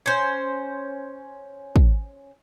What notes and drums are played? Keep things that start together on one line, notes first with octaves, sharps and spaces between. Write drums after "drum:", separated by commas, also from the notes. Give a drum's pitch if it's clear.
C#4 C5
drum: kick